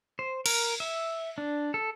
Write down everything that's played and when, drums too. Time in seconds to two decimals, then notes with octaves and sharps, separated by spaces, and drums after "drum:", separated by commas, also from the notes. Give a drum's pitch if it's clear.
0.19 C5
0.46 A#4, drum: cymbal
0.80 E5
1.38 D4
1.74 A4